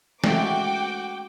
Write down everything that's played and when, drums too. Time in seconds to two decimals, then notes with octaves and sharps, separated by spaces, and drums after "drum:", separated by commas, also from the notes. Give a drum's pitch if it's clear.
0.24 G#3 A3 C#4 F#4 G5 D6, drum: snare